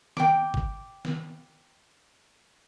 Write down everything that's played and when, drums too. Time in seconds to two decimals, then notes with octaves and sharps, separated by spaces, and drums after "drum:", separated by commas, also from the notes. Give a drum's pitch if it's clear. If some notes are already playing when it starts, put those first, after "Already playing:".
0.17 G5 D6, drum: snare
0.54 drum: kick
1.05 drum: snare